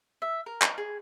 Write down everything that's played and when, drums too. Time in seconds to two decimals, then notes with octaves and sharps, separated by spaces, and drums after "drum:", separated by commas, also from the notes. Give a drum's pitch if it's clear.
0.22 E5
0.46 A#4
0.62 A#4, drum: clap
0.78 G#4